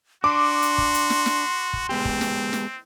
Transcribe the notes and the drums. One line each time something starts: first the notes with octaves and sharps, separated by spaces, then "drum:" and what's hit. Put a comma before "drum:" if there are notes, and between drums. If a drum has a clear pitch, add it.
D4 F#4 C6 D6
drum: hi-hat
drum: kick
drum: hi-hat
drum: snare
drum: snare
drum: kick
G#3 B3 C4 G4
drum: kick
drum: snare
drum: snare